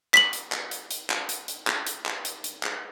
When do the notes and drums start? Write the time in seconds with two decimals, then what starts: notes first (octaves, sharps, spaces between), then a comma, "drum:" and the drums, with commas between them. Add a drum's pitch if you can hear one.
0.14 B6 F#7, drum: clap
0.33 drum: hi-hat
0.52 drum: clap
0.71 drum: hi-hat
0.91 drum: hi-hat
1.10 drum: clap
1.29 drum: hi-hat
1.48 drum: hi-hat
1.67 drum: clap
1.87 drum: hi-hat
2.06 drum: clap
2.25 drum: hi-hat
2.44 drum: hi-hat
2.63 drum: clap